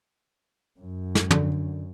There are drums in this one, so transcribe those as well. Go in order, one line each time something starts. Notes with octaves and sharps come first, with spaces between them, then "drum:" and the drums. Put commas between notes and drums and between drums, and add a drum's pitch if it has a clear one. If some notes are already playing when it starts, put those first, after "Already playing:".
F#2
drum: snare
D3, drum: tom